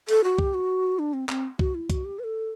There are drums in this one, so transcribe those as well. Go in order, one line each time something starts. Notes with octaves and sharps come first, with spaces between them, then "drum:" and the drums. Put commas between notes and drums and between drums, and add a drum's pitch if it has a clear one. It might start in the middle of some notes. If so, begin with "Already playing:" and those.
A4, drum: hi-hat
F#4
G4, drum: kick
F#4
D4
C4
C4, drum: clap
F#4, drum: kick
E4
F#4, drum: kick, hi-hat
G4
B4
A4